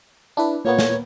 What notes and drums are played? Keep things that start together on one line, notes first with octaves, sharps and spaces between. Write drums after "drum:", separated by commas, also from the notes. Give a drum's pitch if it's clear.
D4 E4 B4
A#2 A#3 B3 C#5
drum: snare